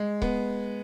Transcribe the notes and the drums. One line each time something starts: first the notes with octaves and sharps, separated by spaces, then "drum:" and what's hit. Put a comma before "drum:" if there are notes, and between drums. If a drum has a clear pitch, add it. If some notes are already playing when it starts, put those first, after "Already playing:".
Already playing: G#3
B3, drum: kick C#1